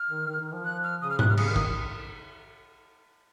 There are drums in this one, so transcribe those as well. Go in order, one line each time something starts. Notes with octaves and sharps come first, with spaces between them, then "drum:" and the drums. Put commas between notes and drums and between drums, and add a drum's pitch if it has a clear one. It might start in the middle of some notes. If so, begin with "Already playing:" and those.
Already playing: F6
D#3
D#3
D#3
F3
F#6
F6
C#3 D#6
F6
C3 F#6, drum: tom G#2
F6
C#3 D#6, drum: cymbal
F6
D#3
D#6, drum: kick